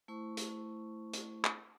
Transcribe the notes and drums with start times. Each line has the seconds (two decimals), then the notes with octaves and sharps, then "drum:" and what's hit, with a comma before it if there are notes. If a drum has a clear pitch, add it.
0.08 A3 E4 C5 C#6
0.37 drum: hi-hat
1.13 drum: hi-hat
1.45 drum: clap